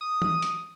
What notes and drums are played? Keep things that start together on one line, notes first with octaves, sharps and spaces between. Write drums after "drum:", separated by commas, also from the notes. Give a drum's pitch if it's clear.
D#6
drum: tom E3
drum: hi-hat